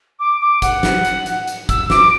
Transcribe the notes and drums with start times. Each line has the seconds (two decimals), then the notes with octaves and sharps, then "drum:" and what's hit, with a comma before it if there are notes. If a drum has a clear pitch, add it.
0.19 D6
0.40 D6
0.62 F#5, drum: kick, hi-hat
0.83 drum: snare
1.05 drum: hi-hat
1.26 drum: hi-hat
1.47 drum: hi-hat
1.69 E6, drum: kick, hi-hat
1.90 D6, drum: snare